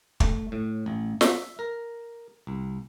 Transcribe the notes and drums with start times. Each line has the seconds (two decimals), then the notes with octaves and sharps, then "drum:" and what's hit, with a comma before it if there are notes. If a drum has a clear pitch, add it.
0.20 A3, drum: kick
0.52 A2
0.86 A1
1.21 E5, drum: snare
1.59 A#4
2.47 C2